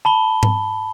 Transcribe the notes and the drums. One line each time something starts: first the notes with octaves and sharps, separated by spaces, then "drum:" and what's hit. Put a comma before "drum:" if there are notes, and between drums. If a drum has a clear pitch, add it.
A5 B5 G7
drum: tom G#2